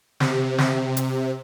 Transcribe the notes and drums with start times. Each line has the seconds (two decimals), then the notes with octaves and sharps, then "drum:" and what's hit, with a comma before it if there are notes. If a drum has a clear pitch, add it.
0.20 C3, drum: snare
0.58 drum: snare
0.97 drum: hi-hat